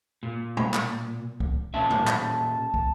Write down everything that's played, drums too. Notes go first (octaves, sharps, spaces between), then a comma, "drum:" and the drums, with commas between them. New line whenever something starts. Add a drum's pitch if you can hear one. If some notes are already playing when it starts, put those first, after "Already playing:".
A#2
drum: tom
drum: clap
drum: kick
A#2 C#4 E5 A5
drum: tom A2
drum: clap
drum: kick